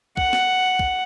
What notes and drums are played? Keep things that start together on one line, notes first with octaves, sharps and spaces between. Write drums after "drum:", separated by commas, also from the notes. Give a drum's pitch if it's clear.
F#5, drum: kick
drum: snare
drum: kick